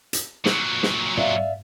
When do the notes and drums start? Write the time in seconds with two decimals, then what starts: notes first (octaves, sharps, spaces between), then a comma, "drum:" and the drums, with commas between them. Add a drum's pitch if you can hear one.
0.13 drum: hi-hat
0.45 A#2 F#3, drum: snare
0.83 drum: snare
1.17 D5 E5 F5, drum: tom